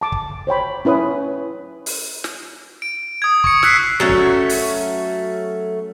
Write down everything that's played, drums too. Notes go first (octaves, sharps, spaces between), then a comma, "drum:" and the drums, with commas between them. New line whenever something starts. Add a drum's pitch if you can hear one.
A5 D6
drum: kick
C5 C#5 G5 B5
C#4 E4 B4 C#5 D#6
drum: open hi-hat
drum: snare
D7
D#6 G#6
C#6 D#6 C#7, drum: kick
E6 F#6 B6 C7, drum: snare
F#3 A3 C#4
drum: kick
drum: open hi-hat